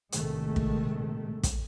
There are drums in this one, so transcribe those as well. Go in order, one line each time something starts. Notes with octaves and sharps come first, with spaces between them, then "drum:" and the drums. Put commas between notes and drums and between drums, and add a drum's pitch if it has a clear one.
A#1 A2 C3 D#3 G#3 A3, drum: hi-hat
drum: kick
drum: kick, hi-hat